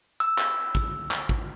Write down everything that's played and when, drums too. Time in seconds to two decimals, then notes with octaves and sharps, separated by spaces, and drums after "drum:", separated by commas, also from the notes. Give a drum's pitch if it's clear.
0.20 E6
0.38 drum: clap
0.75 drum: kick, hi-hat
1.11 drum: clap
1.29 drum: kick